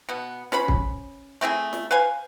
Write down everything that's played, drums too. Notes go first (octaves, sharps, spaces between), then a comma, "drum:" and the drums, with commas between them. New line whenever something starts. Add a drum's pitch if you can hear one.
B2 B3
C#4 B4 C5 B5, drum: snare
drum: kick
A3 C4 E4 G#4
drum: snare
B4 C5 F5 G#5